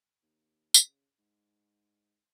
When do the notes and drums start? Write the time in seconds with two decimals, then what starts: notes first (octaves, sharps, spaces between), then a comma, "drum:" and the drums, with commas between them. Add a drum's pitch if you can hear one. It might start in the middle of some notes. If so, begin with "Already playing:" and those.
0.22 D#2
0.74 C#3, drum: tambourine
1.19 G#2